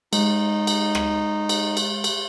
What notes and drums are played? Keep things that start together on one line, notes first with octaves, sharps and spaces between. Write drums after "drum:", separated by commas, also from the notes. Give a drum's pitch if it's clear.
G#3 D#4, drum: cymbal
drum: cymbal
drum: rim click
drum: cymbal
drum: cymbal
drum: cymbal